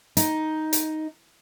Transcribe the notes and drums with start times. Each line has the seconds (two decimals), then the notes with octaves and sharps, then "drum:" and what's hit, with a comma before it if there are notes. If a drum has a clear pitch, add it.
0.17 D#4, drum: hi-hat
0.73 drum: hi-hat